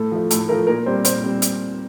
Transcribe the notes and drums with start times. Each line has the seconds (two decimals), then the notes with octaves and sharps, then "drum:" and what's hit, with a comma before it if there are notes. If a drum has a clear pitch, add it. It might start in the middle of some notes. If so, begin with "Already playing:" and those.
Already playing: A2 A4
0.12 F3 A3
0.31 A2 A4, drum: hi-hat
0.49 F3 A3 A#4
0.67 A#2 A#4
0.86 G3 C4 C5
1.05 A#2 C5, drum: hi-hat
1.24 G3 C4
1.42 drum: hi-hat